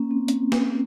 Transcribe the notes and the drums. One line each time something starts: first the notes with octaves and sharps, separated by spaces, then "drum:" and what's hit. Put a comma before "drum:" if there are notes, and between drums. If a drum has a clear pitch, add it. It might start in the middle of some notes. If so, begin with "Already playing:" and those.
Already playing: A#3 C#4
C4
drum: hi-hat
drum: snare